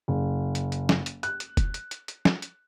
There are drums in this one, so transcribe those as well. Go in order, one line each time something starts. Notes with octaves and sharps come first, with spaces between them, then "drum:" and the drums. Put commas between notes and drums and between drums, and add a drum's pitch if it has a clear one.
F#1
drum: hi-hat
drum: hi-hat
drum: snare
drum: hi-hat
F#6, drum: hi-hat
drum: hi-hat
drum: kick, hi-hat
drum: hi-hat
drum: hi-hat
drum: hi-hat
drum: snare
drum: hi-hat